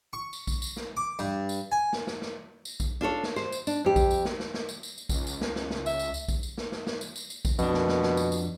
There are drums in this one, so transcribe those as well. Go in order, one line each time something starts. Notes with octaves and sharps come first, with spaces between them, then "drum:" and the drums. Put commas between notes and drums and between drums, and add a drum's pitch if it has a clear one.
C#6
drum: tambourine
drum: kick A#1, tambourine
drum: tambourine
drum: snare
D6
G2, drum: tambourine
drum: tambourine
G#5
drum: snare
drum: snare
drum: snare
drum: tambourine
drum: kick A#1, tambourine
D4 F4 A4 C#5
drum: snare
C5, drum: snare
drum: tambourine
D4, drum: tambourine
F2 G4
drum: kick A#1, tambourine
drum: tambourine
drum: snare
drum: snare
drum: snare
drum: tambourine
drum: tambourine
drum: tambourine
C#2, drum: kick A#1, tambourine
drum: tambourine
drum: snare
drum: snare
drum: snare
E5, drum: tambourine
drum: tambourine
drum: tambourine
drum: kick A#1, tambourine
drum: tambourine
drum: snare
drum: snare
drum: snare
drum: tambourine
drum: tambourine
drum: tambourine
drum: kick A#1, tambourine
F2 B2 D4, drum: tambourine
drum: snare
drum: snare
drum: snare
drum: tambourine
drum: tambourine